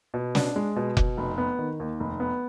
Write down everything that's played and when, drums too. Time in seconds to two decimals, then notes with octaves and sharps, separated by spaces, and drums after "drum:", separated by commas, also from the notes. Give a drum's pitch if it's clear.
0.14 B2
0.35 D4, drum: snare
0.56 G#3
0.76 B2
0.97 B2, drum: kick F1
1.17 F1
1.38 B3
1.59 D#3
1.80 D#2
2.00 F1
2.20 B3